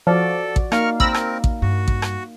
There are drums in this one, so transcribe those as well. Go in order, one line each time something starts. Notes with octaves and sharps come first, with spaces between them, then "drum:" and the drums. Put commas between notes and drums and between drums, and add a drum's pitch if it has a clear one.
F3 F#4 A4 D5
drum: kick A1
A#3 D#4 A#4 F5 C#6 F6, drum: rim click
C4 A#4 B5 E6 A#6, drum: kick A1
drum: rim click
drum: kick A1
G2 F#4
drum: kick A1
drum: rim click